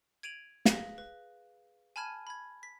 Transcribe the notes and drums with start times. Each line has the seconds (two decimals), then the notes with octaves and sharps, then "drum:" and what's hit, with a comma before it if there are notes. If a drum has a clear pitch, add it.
0.23 G#6 D7 D#7 F7 F#7
0.65 G#4 B4 F5 A#6 B6 G7, drum: snare
0.98 B4
1.96 G#5 A5 B5 F6 G#6 D#7
2.27 B5 G#6
2.63 B6